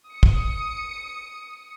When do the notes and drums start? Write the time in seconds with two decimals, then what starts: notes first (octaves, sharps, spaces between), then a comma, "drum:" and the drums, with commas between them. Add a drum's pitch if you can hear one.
0.12 D#6 C#7
0.23 drum: kick